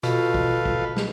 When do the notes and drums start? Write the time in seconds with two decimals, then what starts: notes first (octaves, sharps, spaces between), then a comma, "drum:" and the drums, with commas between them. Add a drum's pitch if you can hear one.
0.03 B2 F4 A4 B4 F5, drum: hi-hat
0.34 drum: kick
0.65 drum: kick
0.97 drum: snare